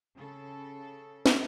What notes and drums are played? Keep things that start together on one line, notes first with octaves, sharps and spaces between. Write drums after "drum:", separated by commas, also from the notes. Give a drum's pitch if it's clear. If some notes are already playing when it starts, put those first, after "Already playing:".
C#3 A4
drum: snare